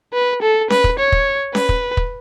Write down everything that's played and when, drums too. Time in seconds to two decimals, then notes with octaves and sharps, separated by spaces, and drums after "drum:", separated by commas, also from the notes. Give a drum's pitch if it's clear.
0.14 B4
0.42 A4
0.70 B4, drum: snare C#4
0.84 drum: kick
0.99 C#5
1.12 drum: kick
1.55 B4, drum: snare C#4
1.69 drum: kick
1.97 drum: kick